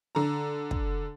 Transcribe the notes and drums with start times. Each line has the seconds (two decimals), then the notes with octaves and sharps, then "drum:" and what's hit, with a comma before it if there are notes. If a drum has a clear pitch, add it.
0.15 D3 A#5
0.71 drum: kick